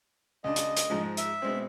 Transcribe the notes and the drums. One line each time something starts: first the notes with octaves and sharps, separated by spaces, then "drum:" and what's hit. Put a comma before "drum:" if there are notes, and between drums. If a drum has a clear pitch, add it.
C#2 D4 D#5
drum: hi-hat
drum: hi-hat
G#2 F3 G#3
E5, drum: hi-hat
B2 G#3 C4